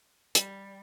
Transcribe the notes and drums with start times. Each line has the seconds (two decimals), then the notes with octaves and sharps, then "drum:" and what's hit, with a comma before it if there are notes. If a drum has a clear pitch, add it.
0.35 G3, drum: hi-hat